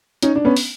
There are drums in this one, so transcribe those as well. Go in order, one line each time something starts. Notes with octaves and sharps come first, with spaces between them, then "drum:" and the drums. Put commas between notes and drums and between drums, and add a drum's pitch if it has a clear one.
C#4 D#4, drum: hi-hat
D4
B3 C#4
drum: open hi-hat